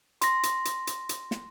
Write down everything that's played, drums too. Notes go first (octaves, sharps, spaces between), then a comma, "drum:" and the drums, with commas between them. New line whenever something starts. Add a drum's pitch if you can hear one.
C6 A#6, drum: hi-hat
drum: hi-hat
drum: hi-hat
drum: hi-hat
drum: hi-hat
drum: snare